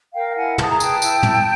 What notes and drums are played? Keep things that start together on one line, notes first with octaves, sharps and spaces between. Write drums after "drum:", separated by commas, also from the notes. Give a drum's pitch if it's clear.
A#4 F5 G5
G5
E4 F#5 G#5
G#4 A5, drum: tom
A#5
B4 G5 A5, drum: tambourine
E4, drum: tambourine
drum: tom